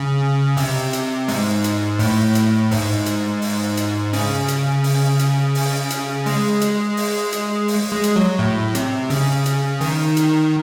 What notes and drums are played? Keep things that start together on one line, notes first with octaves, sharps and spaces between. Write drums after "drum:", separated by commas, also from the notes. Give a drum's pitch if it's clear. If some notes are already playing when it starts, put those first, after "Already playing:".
Already playing: C#3
C3, drum: open hi-hat
drum: hi-hat
G#2, drum: open hi-hat
drum: hi-hat
A2, drum: open hi-hat
drum: hi-hat
G#2, drum: open hi-hat
drum: hi-hat
drum: open hi-hat
drum: hi-hat
C#3, drum: open hi-hat
drum: hi-hat
drum: open hi-hat
drum: hi-hat
drum: open hi-hat
drum: hi-hat
G#3, drum: open hi-hat
drum: hi-hat
drum: open hi-hat
drum: hi-hat
drum: open hi-hat
G#3
drum: hi-hat
F#3
A2
C3, drum: hi-hat
C#3, drum: open hi-hat
drum: hi-hat
D#3, drum: open hi-hat
drum: hi-hat